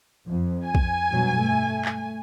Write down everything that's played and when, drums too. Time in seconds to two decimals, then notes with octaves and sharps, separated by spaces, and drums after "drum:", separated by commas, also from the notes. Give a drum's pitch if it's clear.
0.27 F2
0.64 G#5
0.75 drum: kick
1.10 G2 B2 F#3
1.41 A3
1.85 drum: clap